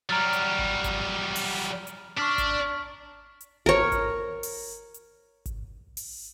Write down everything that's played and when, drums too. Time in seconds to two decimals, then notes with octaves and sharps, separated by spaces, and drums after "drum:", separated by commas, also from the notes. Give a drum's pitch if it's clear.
0.09 F#3 G3 A#5 F6 A6
0.33 drum: hi-hat
0.59 drum: kick G#1
0.84 drum: kick G#1, hi-hat
1.36 drum: open hi-hat
1.87 drum: hi-hat
2.17 D4 D5 C#6 F6 B6
2.38 drum: kick G#1, hi-hat
3.41 drum: hi-hat
3.66 A#4 C#5, drum: kick G#1
3.92 drum: kick G#1, hi-hat
4.43 drum: open hi-hat
4.94 drum: hi-hat
5.46 drum: kick G#1, hi-hat
5.97 drum: open hi-hat